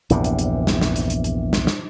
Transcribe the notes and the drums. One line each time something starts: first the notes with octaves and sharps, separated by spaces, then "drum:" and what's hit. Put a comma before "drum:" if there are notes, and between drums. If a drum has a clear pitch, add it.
A#1 E2 G2 C3, drum: hi-hat
drum: hi-hat
drum: hi-hat
drum: snare
drum: snare
drum: hi-hat
drum: hi-hat
drum: hi-hat
drum: snare
drum: snare